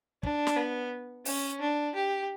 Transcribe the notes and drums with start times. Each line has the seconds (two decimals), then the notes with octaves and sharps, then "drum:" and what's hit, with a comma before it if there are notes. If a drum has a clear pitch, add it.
0.23 D4, drum: kick
0.47 drum: snare
0.56 B3
1.25 C#4, drum: open hi-hat
1.61 D4
1.95 G4